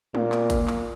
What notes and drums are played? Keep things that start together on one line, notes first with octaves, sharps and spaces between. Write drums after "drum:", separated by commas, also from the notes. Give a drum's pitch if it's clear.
A#2, drum: tom
drum: clap
drum: kick, hi-hat
drum: clap